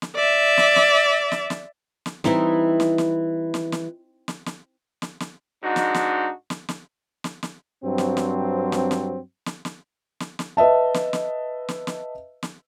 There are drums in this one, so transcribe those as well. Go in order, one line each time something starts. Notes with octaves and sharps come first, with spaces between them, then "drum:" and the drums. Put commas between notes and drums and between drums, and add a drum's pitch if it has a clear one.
drum: snare
D5 E5
drum: snare
drum: snare
drum: snare
drum: snare
drum: snare
E3 G3 C4 D#4 E4, drum: snare
drum: snare
drum: snare
drum: snare
drum: snare
drum: snare
drum: snare
drum: snare
drum: snare
G#2 D4 D#4 F#4
drum: snare
drum: snare
drum: snare
drum: snare
drum: snare
drum: snare
G2 F#3 C4
drum: snare
drum: snare
drum: snare
drum: snare
drum: snare
drum: snare
drum: snare
drum: snare
B4 D#5 E5 A5
drum: snare
drum: snare
drum: snare
drum: snare
drum: snare